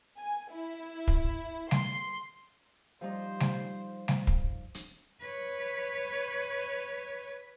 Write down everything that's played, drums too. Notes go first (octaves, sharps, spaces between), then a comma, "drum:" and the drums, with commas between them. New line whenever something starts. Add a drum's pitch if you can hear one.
G#5
E4
drum: kick
C6, drum: snare G3
F3 G3 D#4 C5
drum: snare G3
drum: snare G3
drum: kick
drum: hi-hat
B4 C#5